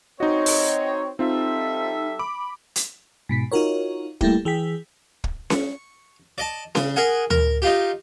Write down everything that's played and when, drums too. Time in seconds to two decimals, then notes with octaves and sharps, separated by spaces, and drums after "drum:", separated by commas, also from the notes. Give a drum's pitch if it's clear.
0.20 C4 D#4 F#4 C#5 D#5
0.46 drum: open hi-hat
1.19 G3 C4 D#4 F4 A4 E5
2.19 B5 D6
2.76 drum: hi-hat
3.29 G#2 B2 B6
3.52 D#4 F4 F#4 A#4 C#5
4.21 G3 A3 A#3 E4 G4, drum: kick
4.45 E3 G#4 G5 B6
5.24 drum: kick
5.50 C#6, drum: snare C#4
6.38 D5 D#5 A5
6.75 C#3, drum: snare C#4
6.96 G#4 A#4 D#5 F#5 G#5
7.30 A#4, drum: tom D2
7.62 D#4 F4 G4